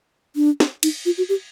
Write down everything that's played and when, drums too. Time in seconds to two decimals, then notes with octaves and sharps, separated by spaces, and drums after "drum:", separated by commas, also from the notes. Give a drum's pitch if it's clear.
0.36 D4
0.60 drum: snare
0.83 D#4, drum: cymbal
1.06 F4
1.18 F#4
1.29 G4